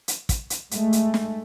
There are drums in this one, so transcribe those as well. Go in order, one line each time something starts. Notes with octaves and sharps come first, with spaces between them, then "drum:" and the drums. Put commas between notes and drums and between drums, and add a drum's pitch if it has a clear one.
drum: hi-hat
drum: kick, hi-hat
drum: hi-hat
G#3 A3, drum: hi-hat
drum: hi-hat
drum: snare